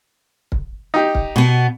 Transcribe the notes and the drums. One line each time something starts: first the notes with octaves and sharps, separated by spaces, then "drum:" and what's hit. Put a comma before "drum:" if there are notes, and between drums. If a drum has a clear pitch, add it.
drum: kick
D#4 G4
drum: kick
B2 B3